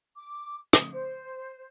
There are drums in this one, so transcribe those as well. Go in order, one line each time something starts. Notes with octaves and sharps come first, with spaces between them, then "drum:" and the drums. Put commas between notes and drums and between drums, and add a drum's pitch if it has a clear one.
D6
D#6, drum: rim click
C5